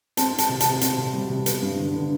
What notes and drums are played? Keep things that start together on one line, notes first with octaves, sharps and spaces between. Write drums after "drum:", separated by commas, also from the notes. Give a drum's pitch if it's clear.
C4 A5, drum: hi-hat
C4
A5, drum: hi-hat
C3
C3 A5, drum: hi-hat
C4, drum: hi-hat
C3
G3
C3
B3, drum: hi-hat
G2
D3
D3